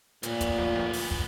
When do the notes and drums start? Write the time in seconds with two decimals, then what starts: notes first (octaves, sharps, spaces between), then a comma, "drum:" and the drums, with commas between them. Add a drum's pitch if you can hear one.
0.23 D2 A#2 B3, drum: hi-hat
0.41 drum: kick, hi-hat
0.58 drum: snare
0.76 drum: snare
0.93 drum: open hi-hat
1.11 drum: kick